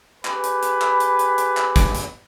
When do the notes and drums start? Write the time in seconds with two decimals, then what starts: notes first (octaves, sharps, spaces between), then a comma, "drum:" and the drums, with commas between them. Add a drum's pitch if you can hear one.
0.25 G4 G#4 B4, drum: clap
0.44 drum: hi-hat
0.63 drum: hi-hat
0.81 drum: clap
1.00 drum: hi-hat
1.19 drum: hi-hat
1.38 drum: hi-hat
1.57 drum: clap
1.76 drum: kick, hi-hat
1.95 drum: hi-hat